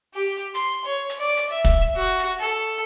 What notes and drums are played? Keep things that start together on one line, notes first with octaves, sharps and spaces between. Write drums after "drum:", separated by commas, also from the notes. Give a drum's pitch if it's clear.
G4
C6, drum: hi-hat
C#5
drum: hi-hat
D5
drum: hi-hat
E5
drum: kick, hi-hat
F#4
drum: hi-hat
A4